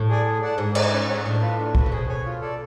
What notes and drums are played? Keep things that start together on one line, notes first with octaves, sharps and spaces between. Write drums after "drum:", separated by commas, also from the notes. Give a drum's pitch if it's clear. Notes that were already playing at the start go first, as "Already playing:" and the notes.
Already playing: A2
G#4 D5 G#5
G#4
D5 F#5 A5
G#2 G#4
C#5 G#5, drum: cymbal
C#4
G#4 C#5 F#5
A2 D4
F4 B4 F5
D4
F#4 B4, drum: kick
C#3
B2 G#4
C#5 G#5
F4
A4 D5